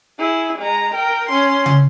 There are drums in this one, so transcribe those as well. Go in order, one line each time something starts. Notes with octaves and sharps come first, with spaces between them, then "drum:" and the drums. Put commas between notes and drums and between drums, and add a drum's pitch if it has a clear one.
E4 G#4
G#3 A#5
A#4 G5
C#4 C6
drum: tom C#3